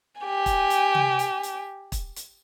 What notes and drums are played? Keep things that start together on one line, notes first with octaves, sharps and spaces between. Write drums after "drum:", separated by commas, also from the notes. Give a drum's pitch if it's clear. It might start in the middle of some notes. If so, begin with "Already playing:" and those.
G4 G#5
drum: kick, hi-hat
drum: hi-hat
drum: tom
drum: hi-hat
drum: hi-hat
drum: kick, hi-hat
drum: hi-hat